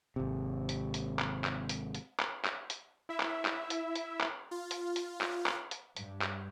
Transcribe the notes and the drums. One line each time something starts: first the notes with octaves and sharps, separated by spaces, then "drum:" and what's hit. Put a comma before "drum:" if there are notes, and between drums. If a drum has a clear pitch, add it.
G#1 C3
drum: hi-hat
drum: hi-hat
drum: clap
drum: clap
drum: hi-hat
drum: hi-hat
drum: clap
drum: clap
drum: hi-hat
E4 E5
drum: clap
drum: clap
drum: hi-hat
drum: hi-hat
drum: clap
F4
drum: hi-hat
drum: hi-hat
drum: clap
drum: clap
drum: hi-hat
G2, drum: hi-hat
drum: clap